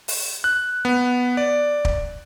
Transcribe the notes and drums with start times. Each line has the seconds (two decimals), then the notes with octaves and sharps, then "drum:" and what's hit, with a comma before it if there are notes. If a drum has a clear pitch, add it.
0.08 drum: open hi-hat
0.44 F#6
0.85 B3
1.37 D5
1.85 drum: kick